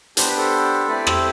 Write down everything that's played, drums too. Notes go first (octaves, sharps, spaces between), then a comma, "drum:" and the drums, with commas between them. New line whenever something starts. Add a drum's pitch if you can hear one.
B3 D4 G4 C5, drum: hi-hat
B4
A4 C5
A3 C4 E4 G4 B4 D5
C5 E5, drum: rim click